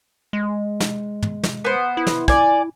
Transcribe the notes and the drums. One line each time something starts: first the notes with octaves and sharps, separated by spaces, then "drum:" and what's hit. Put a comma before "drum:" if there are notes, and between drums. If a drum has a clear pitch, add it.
G#3
drum: snare
drum: tom
drum: snare
B3 C5
E4
drum: snare
D5 G#5, drum: kick